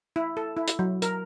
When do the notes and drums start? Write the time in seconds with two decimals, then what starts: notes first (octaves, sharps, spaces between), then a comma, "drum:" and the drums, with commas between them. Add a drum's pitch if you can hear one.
0.16 E4
0.37 A4
0.57 E4
0.68 drum: hi-hat
0.79 F#3
1.02 A#4, drum: hi-hat